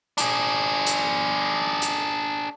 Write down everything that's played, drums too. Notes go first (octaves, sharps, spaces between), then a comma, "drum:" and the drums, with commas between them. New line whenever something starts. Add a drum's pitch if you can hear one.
D4 G#4, drum: hi-hat
drum: hi-hat
drum: hi-hat